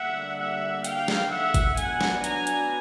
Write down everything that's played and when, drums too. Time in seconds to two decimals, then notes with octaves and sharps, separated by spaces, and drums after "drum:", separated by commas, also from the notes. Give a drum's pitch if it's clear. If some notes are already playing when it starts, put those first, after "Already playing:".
Already playing: D3 G3 A#3 D4 E5 F#5
0.38 E5 F#5
0.85 F5 G5, drum: hi-hat
1.08 drum: snare
1.31 E5 F#5
1.54 drum: kick G#1, hi-hat
1.77 F#3 B3 D4 F#5 G#5, drum: hi-hat
2.01 drum: snare
2.24 G#5 A#5, drum: hi-hat
2.47 drum: hi-hat